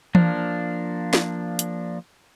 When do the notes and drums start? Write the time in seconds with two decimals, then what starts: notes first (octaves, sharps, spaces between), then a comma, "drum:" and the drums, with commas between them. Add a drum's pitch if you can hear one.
0.15 F3 A#3 D4, drum: tom E3
1.13 drum: snare
1.59 drum: hi-hat